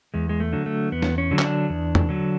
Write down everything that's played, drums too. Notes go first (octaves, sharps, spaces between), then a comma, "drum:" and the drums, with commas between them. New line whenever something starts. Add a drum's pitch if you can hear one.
E2 G#3
G#3
A3
D3 F#3
A3
E2 B3
drum: snare
C#4
D3 F#3
C#4, drum: clap
D4
E2
drum: tom E2
D3 F#3